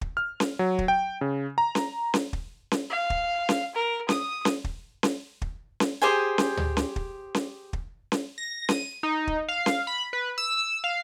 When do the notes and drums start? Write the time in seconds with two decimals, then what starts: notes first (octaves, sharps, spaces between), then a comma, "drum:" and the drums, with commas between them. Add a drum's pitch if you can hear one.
0.01 drum: kick
0.17 F6
0.40 drum: snare C#4
0.59 F#3
0.79 drum: kick
0.88 G5
1.21 C#3
1.58 A#5
1.75 drum: snare C#4
2.14 drum: snare C#4
2.33 drum: kick
2.71 drum: snare C#4
2.90 F5
3.10 drum: kick
3.49 drum: snare C#4
3.75 A#4
4.09 D#6, drum: snare C#4
4.45 drum: snare C#4
4.64 drum: kick
5.03 drum: snare C#4
5.42 drum: kick
5.80 drum: snare C#4
6.02 G4 G#4 C5 G#5
6.38 drum: snare C#4
6.57 drum: tom D2
6.77 drum: snare C#4
6.96 drum: kick
7.34 drum: snare C#4
7.73 drum: kick
8.12 drum: snare C#4
8.38 A#6
8.69 D#7, drum: snare C#4
9.03 D#4
9.27 drum: kick
9.48 F5
9.66 drum: snare C#4
9.87 B5
10.13 B4
10.38 E6
10.84 F5